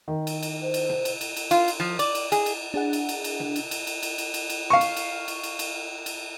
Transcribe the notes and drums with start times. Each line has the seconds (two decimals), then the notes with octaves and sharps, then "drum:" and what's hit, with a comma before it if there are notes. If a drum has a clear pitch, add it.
0.08 D#3
0.27 drum: cymbal
0.43 drum: cymbal
0.61 C5
0.74 drum: cymbal
0.90 drum: tom
1.05 drum: cymbal
1.21 drum: cymbal
1.36 drum: cymbal
1.51 F4, drum: cymbal
1.68 drum: cymbal
1.80 F3
1.99 D5, drum: cymbal
2.15 drum: cymbal
2.32 G#4, drum: cymbal
2.46 drum: cymbal
2.74 D4 G#4 F#5
2.93 drum: cymbal
3.09 drum: cymbal
3.24 drum: cymbal
3.40 drum: tom
3.56 drum: cymbal
3.71 drum: cymbal
3.87 drum: cymbal
4.03 drum: cymbal
4.18 drum: cymbal
4.34 drum: cymbal
4.50 drum: cymbal
4.70 F5 C#6
4.81 drum: cymbal
4.96 drum: cymbal
5.28 drum: cymbal
5.43 drum: cymbal
5.59 drum: cymbal
6.06 drum: cymbal